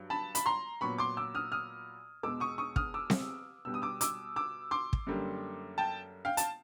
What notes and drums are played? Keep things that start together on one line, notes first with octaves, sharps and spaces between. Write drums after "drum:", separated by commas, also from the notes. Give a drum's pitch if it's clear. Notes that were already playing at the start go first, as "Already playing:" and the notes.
Already playing: G2 F#3
A5 B5
B5, drum: hi-hat
A#5 C6
A#2 F#3 B3 B5 C#6
C6 D6
D6 E6
D#6 F6
D#6 F6
E2 B2 G#3 D6 E6
C#6 D#6
C#6 D#6
D#6 F6, drum: kick
D6 E6
drum: snare C4
B2 G3 B3 E6
D#6
D6 E6
D6 E6, drum: hi-hat
D6 E6
C6 D6
drum: kick
F#2 D3 G3 A#3
G5 A5
F5 G5
A5, drum: hi-hat